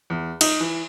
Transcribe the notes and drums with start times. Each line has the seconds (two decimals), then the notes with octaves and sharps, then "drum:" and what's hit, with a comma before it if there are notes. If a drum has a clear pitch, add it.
0.10 E2
0.41 D#4, drum: cymbal
0.60 E3